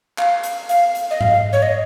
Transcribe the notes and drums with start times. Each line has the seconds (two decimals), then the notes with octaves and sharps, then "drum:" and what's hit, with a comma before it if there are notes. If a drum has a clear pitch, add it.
0.18 F5, drum: clap
0.43 drum: hi-hat
0.69 F5, drum: hi-hat
0.95 drum: hi-hat
1.11 D#5
1.21 F5, drum: tom G#2
1.53 C#5
1.62 D#5